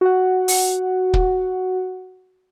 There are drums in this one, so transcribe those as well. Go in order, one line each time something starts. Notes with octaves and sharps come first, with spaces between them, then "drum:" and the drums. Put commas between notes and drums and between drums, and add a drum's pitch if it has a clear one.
F#4 F#5
drum: open hi-hat
drum: kick